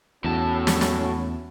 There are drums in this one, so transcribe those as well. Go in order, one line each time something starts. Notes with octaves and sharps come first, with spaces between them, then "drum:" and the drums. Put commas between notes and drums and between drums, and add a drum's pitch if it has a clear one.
E2 A2 C#4 F#4 A5
drum: snare
drum: snare